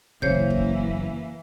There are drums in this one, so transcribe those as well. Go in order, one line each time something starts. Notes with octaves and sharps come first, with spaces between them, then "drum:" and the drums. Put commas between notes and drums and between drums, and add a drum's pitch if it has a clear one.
F#1 C#3 E3 A#3 C5 C#5 G6, drum: kick
drum: kick